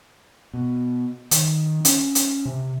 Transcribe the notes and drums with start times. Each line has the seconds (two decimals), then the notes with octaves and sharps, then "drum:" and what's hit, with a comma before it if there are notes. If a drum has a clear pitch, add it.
0.54 B2
1.31 D#3, drum: hi-hat
1.85 C#4, drum: hi-hat
2.15 drum: hi-hat
2.45 C3